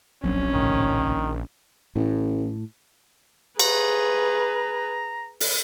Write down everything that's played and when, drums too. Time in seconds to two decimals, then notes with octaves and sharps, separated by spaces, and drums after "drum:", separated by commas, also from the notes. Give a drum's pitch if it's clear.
0.24 D1 A#1 F#3 C4 C#4
0.54 G1 C#2 A2 D#3
1.96 A1 A2
3.59 G#4 B4 A#5, drum: cymbal
5.40 drum: open hi-hat